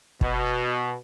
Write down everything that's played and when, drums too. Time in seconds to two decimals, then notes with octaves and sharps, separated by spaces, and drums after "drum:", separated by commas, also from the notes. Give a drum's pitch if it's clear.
0.21 B2, drum: kick